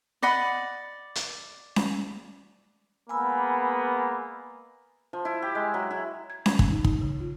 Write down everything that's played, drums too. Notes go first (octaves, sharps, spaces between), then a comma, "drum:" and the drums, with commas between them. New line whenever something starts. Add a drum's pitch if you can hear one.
D5 D#5 F#5 B5
drum: hi-hat
drum: snare C#4
G#3 A#3 B3 G#5 B5 E6
F3
E4
G4
G#3
F#3
E4
G#6
G#6, drum: snare C#4
D#3, drum: kick
D#4
D#4, drum: kick
C#3
F4